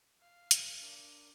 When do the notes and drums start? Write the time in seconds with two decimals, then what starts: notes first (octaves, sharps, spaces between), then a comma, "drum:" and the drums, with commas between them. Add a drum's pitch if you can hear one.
0.20 F5
0.51 drum: hi-hat
0.80 D4 A#4